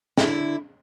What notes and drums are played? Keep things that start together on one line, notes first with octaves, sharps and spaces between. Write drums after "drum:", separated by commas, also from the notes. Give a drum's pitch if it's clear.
D3 E4, drum: snare